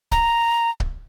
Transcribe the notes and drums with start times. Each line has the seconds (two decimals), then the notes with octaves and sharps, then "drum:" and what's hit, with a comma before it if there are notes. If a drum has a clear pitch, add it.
0.12 A#5, drum: kick C#1
0.80 drum: kick C#1